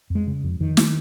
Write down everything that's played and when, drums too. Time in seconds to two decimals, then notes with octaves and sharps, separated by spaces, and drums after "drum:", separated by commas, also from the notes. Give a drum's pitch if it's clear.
0.10 F2
0.15 G#3
0.27 C#3
0.44 F2
0.60 F2 D#3
0.77 drum: snare